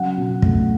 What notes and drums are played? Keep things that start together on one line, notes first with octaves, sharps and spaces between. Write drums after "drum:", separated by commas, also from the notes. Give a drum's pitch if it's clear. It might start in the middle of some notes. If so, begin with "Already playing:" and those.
Already playing: C#3 F#3 F#5
B2
A3, drum: kick